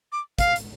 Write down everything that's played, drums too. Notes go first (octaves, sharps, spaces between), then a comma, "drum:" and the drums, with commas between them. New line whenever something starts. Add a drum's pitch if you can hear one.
D6
F5, drum: kick, hi-hat
drum: hi-hat